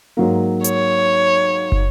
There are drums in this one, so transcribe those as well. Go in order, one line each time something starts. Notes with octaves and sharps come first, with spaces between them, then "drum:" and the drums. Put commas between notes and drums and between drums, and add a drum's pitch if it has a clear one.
G#2 F#3 A#3
C#5, drum: hi-hat
drum: kick